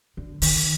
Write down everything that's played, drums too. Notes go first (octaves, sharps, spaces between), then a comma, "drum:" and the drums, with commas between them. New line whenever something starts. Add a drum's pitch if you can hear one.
D3
D#3, drum: open hi-hat